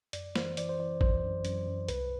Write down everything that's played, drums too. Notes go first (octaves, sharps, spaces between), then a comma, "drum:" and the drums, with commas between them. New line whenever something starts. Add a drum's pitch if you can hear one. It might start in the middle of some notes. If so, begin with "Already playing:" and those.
F#2 D5, drum: hi-hat
E3 C5, drum: snare
E3 D5, drum: hi-hat
C5
E3 D5
F#2 C5, drum: kick
F#2
F#2, drum: hi-hat
F#2
C2 B4, drum: hi-hat